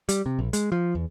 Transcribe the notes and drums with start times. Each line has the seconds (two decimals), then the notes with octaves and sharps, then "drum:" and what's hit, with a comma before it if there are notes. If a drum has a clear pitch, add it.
0.09 G3, drum: hi-hat
0.26 C3
0.39 A#1
0.53 G#3, drum: hi-hat
0.72 F3
0.95 E2